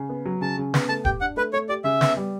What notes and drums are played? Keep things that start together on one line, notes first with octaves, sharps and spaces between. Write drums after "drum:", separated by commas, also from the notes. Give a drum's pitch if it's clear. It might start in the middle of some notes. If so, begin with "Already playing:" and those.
Already playing: C#3
B3
F#3
C#3 A5
C#3
B3, drum: snare
A3 A5
G4 G5, drum: kick
D4 F#5
A3 B4
A3 C#5
G4 D5
C#3 E5
B3, drum: snare
G3